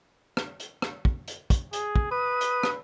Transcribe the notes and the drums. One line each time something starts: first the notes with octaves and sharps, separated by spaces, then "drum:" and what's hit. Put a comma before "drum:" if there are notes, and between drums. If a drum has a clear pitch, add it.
drum: rim click
drum: hi-hat
drum: rim click
drum: kick
drum: hi-hat
drum: kick, hi-hat
G#4, drum: hi-hat
drum: kick
B4 D#6
drum: hi-hat
drum: rim click